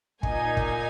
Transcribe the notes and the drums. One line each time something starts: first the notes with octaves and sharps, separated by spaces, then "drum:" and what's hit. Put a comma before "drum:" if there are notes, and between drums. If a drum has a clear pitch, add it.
A#2 A#3 D#4 G#5, drum: kick
drum: kick